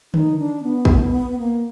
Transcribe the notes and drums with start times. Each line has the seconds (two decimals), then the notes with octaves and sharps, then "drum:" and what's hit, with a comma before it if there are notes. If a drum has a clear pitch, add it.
0.14 D#4, drum: tom D3
0.38 D4
0.63 B3
0.85 drum: kick
1.39 A#3